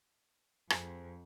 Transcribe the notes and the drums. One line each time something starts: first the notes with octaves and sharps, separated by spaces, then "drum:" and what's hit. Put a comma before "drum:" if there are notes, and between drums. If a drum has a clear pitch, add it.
F2 C4 G#4, drum: rim click